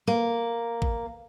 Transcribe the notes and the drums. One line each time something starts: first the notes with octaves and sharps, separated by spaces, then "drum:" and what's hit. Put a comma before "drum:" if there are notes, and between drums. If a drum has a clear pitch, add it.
A#3
drum: kick